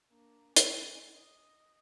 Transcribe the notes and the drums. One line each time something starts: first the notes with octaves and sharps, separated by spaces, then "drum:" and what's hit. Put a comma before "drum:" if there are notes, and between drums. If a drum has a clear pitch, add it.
A#3 D4
D4 G#5, drum: hi-hat
D#5